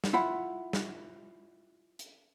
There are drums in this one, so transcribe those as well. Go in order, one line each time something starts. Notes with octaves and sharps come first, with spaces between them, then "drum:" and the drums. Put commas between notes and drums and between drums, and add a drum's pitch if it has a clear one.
drum: snare
E4 F4 F#5 B5
drum: snare
drum: hi-hat